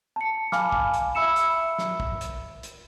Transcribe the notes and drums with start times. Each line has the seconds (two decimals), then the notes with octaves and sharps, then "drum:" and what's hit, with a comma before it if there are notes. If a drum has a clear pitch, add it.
0.16 A5 C#7
0.52 F5 G#5 A5 B5 D6 F6, drum: snare
0.72 drum: kick
0.94 drum: hi-hat
1.15 E5 B5 E6 C#7 E7
1.36 drum: hi-hat
1.78 drum: snare
2.00 drum: kick
2.21 drum: hi-hat
2.63 drum: hi-hat